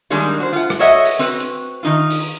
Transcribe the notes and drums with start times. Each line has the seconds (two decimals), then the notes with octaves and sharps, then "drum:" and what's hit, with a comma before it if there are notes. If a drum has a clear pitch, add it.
0.10 D#3 G3 G#3 A#3 D4
0.40 F#4 C5
0.53 F4 F#5
0.70 drum: rim click
0.79 F#4 A4 C#5 D#5 E5 F#5
1.05 drum: open hi-hat
1.19 C4 F#4 B4
1.40 drum: hi-hat
1.83 D#3 D#4 F4
2.10 drum: open hi-hat